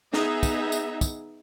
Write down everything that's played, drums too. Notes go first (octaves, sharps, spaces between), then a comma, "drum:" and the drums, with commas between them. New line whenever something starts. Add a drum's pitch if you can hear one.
B3 D#4 G#4 E5, drum: snare
drum: kick, tambourine
drum: tambourine
drum: kick, tambourine